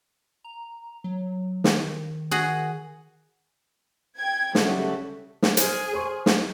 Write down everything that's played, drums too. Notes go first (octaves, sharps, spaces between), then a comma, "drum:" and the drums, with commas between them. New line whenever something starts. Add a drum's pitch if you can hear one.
A#5
F#3
D#3, drum: snare
F#4 G#4
G5 G#6
C#3 F#3 G3 A3 F#4, drum: snare
drum: snare
G#4 C5 F6, drum: hi-hat
C5 C6 C#6
drum: snare